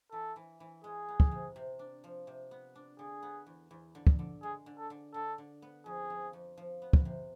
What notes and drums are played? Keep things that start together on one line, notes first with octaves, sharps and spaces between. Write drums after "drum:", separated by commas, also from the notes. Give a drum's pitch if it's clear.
E3 A4
E3
E3
G#3 G#4
B3
drum: kick
C3
C3
D4
F3
C3
B3
D4
D3 G#4
B3
E2
E2
D3
drum: kick
D3
G#3 G#4
D3
A4
D3
D3 A4
D3
B3
F2 G#4
F3
F2
F3
B3
drum: kick
C3